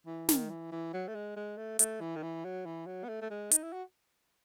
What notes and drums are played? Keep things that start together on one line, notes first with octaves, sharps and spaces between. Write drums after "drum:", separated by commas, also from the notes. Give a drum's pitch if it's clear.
E3
D#3, drum: snare
E3
E3
F#3
A3
G#3
G#3
A3
A3, drum: hi-hat
E3
D#3
E3
F#3
E3
F#3
B3
A3
A3
G#3
D#4, drum: hi-hat
E4
F#4